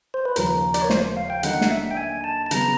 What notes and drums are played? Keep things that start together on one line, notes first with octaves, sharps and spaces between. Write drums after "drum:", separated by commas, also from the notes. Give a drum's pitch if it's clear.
C5
B4
D#2 C#3 F3 A#4, drum: hi-hat
D5, drum: hi-hat
C#5
C5, drum: snare
F5
G5
D3 F#3 A#3 D#4 F#5, drum: hi-hat
drum: snare
E5
G5
G#5
A5
A5
C#3 F#3 B3 A#5, drum: hi-hat